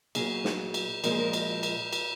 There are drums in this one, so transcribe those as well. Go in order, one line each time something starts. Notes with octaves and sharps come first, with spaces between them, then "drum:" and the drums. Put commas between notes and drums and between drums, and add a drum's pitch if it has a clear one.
A#2 F#3 G#4, drum: cymbal
drum: snare
drum: cymbal
A#2 F3 G#3 A#4, drum: cymbal
G#4
A#4
drum: cymbal
drum: cymbal
drum: cymbal